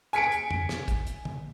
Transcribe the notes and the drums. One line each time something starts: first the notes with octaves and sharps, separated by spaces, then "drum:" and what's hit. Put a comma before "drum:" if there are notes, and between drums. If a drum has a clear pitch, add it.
G#5 B6 C#7 D7, drum: hi-hat
drum: hi-hat
drum: tom
drum: snare
drum: kick, hi-hat
drum: hi-hat
drum: tom